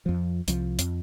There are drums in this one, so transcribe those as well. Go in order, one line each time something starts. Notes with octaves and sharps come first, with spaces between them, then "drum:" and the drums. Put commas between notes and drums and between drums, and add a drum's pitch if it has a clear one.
F2 F3
C2 F3, drum: hi-hat
F2, drum: hi-hat